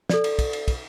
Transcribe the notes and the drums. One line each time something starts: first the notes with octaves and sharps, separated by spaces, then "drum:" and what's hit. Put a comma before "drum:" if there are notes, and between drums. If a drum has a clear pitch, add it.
A4 D5, drum: snare
drum: cymbal
drum: kick, cymbal
drum: cymbal
drum: kick, cymbal